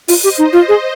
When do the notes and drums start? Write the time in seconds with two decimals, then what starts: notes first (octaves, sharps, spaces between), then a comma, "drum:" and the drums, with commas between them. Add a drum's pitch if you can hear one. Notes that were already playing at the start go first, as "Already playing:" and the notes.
0.08 F4, drum: open hi-hat
0.23 G4 C5 D#5
0.38 D#4
0.53 F4 C5 D#5
0.68 G#4